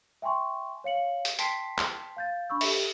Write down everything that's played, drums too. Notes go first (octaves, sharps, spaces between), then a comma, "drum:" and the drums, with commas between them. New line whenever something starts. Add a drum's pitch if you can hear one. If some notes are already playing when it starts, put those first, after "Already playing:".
E5 G5 G#5 C6 C#6
C#5 F5 C#7 F#7
drum: hi-hat
G5 A5 C6 B6 C7 D7, drum: hi-hat
drum: clap
F5 G6 A6
D4 B5 C#6 E6
G4 A4 E5, drum: open hi-hat